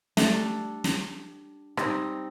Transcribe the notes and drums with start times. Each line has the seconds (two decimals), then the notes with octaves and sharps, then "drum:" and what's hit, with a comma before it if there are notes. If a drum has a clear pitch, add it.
0.17 G3 A3 D4 A4, drum: snare
0.84 drum: snare
1.77 G3 C4 D#4, drum: rim click